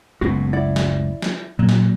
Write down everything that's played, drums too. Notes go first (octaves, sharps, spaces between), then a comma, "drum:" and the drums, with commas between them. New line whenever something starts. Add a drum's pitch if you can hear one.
F#1 C#2 A2 B3 F#4
E4 D5 F#5
drum: snare
drum: snare
A#2 F#3 A#3
drum: snare